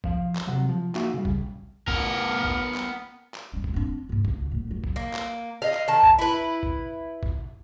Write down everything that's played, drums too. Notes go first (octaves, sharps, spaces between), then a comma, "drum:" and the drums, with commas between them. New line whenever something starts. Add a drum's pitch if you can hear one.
F3 F5, drum: kick
drum: clap
C3 F#3
F3
A#3 D#4 F#4 E5 F5 G#5, drum: clap
C#3 G3
drum: kick
B3 A#4, drum: kick
drum: kick
drum: clap
drum: clap
G#3 C#4
drum: kick
C4 D4
D#2 G#2
C#2, drum: kick
A#1 A2
F#3
drum: kick
A#3
drum: clap
D#5 F5
drum: clap
D#3 A5
drum: kick
E4 B4
drum: kick
drum: kick